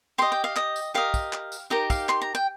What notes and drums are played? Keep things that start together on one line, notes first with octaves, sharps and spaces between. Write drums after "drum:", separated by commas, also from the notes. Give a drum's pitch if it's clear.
G4 D#5 C6
G5
F5
D#5, drum: clap
drum: tambourine
G4 A#4 D#5 F5
drum: kick, tambourine
drum: clap
drum: tambourine
D#4 G4 A#4 A#5
F5, drum: kick, tambourine
C6, drum: clap
A#5
G5